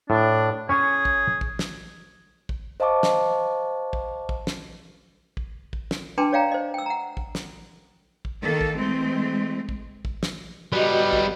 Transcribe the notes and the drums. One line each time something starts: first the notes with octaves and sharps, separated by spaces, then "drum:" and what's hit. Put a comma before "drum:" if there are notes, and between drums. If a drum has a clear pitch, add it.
A2 D4
C#4 G#4 C#5 G#5
drum: kick
drum: kick
drum: snare
drum: kick
C5 D#5 F5 A5 C#6 D6
drum: snare
drum: kick
drum: kick
drum: snare
drum: kick
drum: kick
drum: snare
D4 B4 G5 A5 C6 D6
C#5 D5 F5 G5 A#5
C5 D#5
G5 E6
F#5 A#5
drum: kick
drum: snare
drum: kick
D#3 A#3 A4
drum: kick
E3 G#3 A3 C4
drum: kick
drum: kick
drum: snare
G3 B3 F#4 D#5
drum: kick